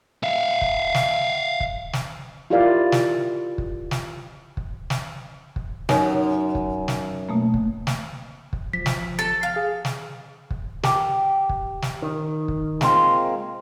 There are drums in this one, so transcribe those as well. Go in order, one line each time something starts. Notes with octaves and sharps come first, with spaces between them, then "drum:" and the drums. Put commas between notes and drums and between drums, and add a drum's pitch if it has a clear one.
E5 F5
drum: kick
drum: snare
drum: kick
drum: snare
E4 F4 G4 A#4 D5 F5
drum: snare
drum: kick
drum: snare
drum: kick
drum: snare
drum: kick
F#2 D#4 C#5, drum: snare
drum: kick
drum: snare
B2 A3 A#3
drum: kick
drum: snare
drum: kick
G#1 F3 B6
drum: snare
A4 A6
F5
G#4
drum: snare
drum: kick
G4, drum: snare
drum: kick
drum: snare
D#3
drum: kick
G#3 A#3 C4 F4, drum: snare